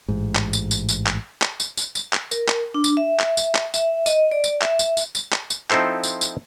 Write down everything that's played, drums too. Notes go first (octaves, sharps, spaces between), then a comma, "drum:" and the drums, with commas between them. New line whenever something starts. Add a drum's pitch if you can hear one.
A1 G#2
drum: clap
drum: tambourine
drum: tambourine
drum: tambourine
drum: clap
drum: clap
drum: tambourine
drum: tambourine
drum: tambourine
drum: clap
A#4, drum: tambourine
drum: clap
D4
drum: tambourine
E5
drum: clap
drum: tambourine
drum: clap
E5, drum: tambourine
D#5, drum: tambourine
D5
drum: tambourine
E5, drum: clap
drum: tambourine
drum: tambourine
drum: tambourine
drum: clap
drum: tambourine
F3 C4 D#4 E4 A4 C5, drum: clap
drum: tambourine
drum: tambourine